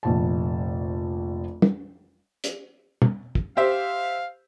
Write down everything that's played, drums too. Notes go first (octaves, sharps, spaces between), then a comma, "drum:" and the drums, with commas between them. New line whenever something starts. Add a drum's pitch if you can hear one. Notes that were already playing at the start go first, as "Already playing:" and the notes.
F1 A#1 A5
drum: tom
drum: hi-hat
drum: tom
drum: kick
G4 C5 E5 F5